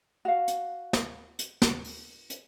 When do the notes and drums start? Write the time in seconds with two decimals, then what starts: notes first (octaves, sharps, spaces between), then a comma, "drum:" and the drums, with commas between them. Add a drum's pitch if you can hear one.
0.25 F#4 F5
0.48 drum: hi-hat
0.93 drum: snare
1.39 drum: hi-hat
1.62 drum: snare
1.84 drum: open hi-hat
2.30 drum: hi-hat